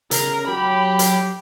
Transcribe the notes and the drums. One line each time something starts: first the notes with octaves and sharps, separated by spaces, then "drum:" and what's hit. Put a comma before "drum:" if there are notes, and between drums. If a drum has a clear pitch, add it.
C#3 A#4, drum: hi-hat
F#3 G4 B5
drum: hi-hat